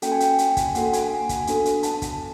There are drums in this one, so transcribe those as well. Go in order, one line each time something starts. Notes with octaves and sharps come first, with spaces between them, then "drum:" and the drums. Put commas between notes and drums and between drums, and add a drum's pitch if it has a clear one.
A#3 C#4 F#4 A4 G5, drum: hi-hat
G#5
G5, drum: hi-hat
drum: hi-hat
drum: kick, hi-hat
A#3 D4 F#4 A4 F#5, drum: hi-hat
G#5, drum: hi-hat
drum: kick, hi-hat
B3 D4 F#4 A4, drum: hi-hat
drum: hi-hat
A5, drum: hi-hat
drum: kick, hi-hat